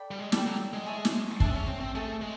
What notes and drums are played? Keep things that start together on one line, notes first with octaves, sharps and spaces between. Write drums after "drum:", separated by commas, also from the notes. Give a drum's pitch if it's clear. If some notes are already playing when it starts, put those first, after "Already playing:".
Already playing: A4 D5 G5 B5
G3
G#3
G3 A4 D5 G5 B5, drum: snare
F#3
G#3
G#4 C#5 E5 A5
drum: snare
D4 G#4 C#5 E5 A5, drum: kick
C4
C#4
C4
C4
A3 G#4 C#5 E5 A5
G#3